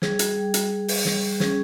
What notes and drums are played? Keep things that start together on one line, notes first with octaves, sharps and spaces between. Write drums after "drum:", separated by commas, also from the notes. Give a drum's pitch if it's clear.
G3 G#4, drum: snare
drum: hi-hat
G3
drum: hi-hat
G3
drum: open hi-hat
G3, drum: snare
C#4 G#4, drum: snare